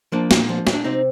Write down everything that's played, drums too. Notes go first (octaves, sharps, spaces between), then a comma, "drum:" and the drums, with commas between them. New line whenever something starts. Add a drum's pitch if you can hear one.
F3 A#3 D4
A#2, drum: snare
F3
A#2, drum: snare
D4
C3 C4 D#4